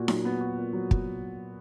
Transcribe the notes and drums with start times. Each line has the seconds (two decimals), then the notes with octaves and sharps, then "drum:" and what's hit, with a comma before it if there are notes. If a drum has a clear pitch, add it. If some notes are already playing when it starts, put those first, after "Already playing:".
Already playing: A#2 F#4
0.08 F#3, drum: snare D#4
0.25 B3
0.41 F#4
0.57 A#2
0.73 F#3
0.91 drum: kick